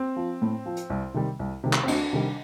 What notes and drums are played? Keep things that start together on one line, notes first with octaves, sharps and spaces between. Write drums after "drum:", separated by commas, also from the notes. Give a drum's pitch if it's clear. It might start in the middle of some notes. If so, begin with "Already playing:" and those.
Already playing: C4
F3
A2
F3
drum: hi-hat
C2
C3 D#3 G3
C2
C3 D#3 G3
drum: clap
C4
D2 D4, drum: cymbal
C3 D#3 G3